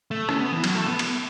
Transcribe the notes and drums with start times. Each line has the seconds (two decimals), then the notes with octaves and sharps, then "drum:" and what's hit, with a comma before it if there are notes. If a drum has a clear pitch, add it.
0.11 A3
0.29 C#4, drum: rim click
0.40 B3
0.52 E3
0.64 F#3, drum: cymbal
0.75 A3
0.88 B3
0.99 drum: cymbal